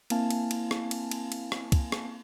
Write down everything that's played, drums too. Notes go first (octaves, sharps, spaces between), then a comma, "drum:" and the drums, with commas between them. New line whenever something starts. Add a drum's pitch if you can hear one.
A#3 C4 E4 F5 G#5 A5, drum: cymbal
drum: cymbal
drum: cymbal
drum: rim click
drum: cymbal
drum: cymbal
drum: cymbal
drum: rim click
drum: kick, cymbal
drum: rim click